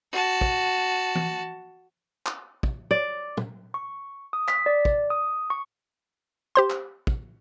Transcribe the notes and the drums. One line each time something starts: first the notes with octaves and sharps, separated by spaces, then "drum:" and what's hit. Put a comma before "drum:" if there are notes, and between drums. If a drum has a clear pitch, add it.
F#4 A5
drum: kick
drum: tom E3
drum: clap
drum: kick
D5
drum: tom
C#6
D#6
B6, drum: clap
D5
drum: kick
D#6
C#6
G4 C5 C6
drum: clap
drum: kick